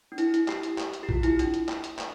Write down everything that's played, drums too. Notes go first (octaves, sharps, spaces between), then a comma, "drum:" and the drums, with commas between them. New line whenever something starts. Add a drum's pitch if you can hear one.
D4
E4, drum: hi-hat
E4, drum: hi-hat
G4, drum: clap
drum: hi-hat
drum: clap
drum: hi-hat
G4
F4, drum: kick A#1
E4, drum: hi-hat
D4, drum: hi-hat
drum: hi-hat
drum: clap
drum: hi-hat
drum: clap